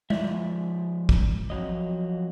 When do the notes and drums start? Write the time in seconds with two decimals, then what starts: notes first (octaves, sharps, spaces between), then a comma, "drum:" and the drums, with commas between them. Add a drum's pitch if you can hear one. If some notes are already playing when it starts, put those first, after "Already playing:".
0.10 F3 G#3 D5 E5, drum: tom G#3
1.09 drum: kick
1.50 F2 C#3 F#3 D#5